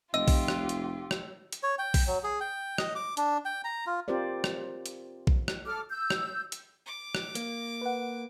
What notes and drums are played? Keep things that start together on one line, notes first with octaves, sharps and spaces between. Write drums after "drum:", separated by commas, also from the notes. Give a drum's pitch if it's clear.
F1 F4 G4 D#5 E6
drum: kick A#1, open hi-hat
drum: rim click
drum: hi-hat
drum: rim click
drum: hi-hat
C#5
G5
drum: kick A#1, open hi-hat
F#3
G#4
G5
D#5, drum: rim click
D6
D4, drum: hi-hat
G5
A#5
F4
C4 F4 G4 A#4 C5 D5
drum: rim click
drum: hi-hat
drum: kick A#1
drum: rim click
A4 D6 F6
E6 G6
drum: rim click
drum: hi-hat
D6
drum: rim click
A#3, drum: hi-hat
B4 F#5